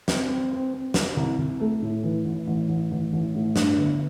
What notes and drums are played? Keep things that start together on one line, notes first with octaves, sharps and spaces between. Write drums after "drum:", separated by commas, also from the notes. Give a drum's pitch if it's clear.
C4, drum: snare
C4
C4
C4
C4, drum: snare
C2
C2
A3
A2
E3
A1
A1
A1
A1
A1
A2
G2, drum: snare
G1